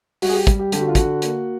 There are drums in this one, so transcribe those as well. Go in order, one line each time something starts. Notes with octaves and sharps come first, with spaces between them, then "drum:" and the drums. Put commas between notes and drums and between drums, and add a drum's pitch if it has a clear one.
G3 F#4, drum: open hi-hat
G#4
G4
G3, drum: kick, hi-hat
G4
D3 G4, drum: hi-hat
F#4
F4
D3 F#4, drum: kick, hi-hat
A#3, drum: hi-hat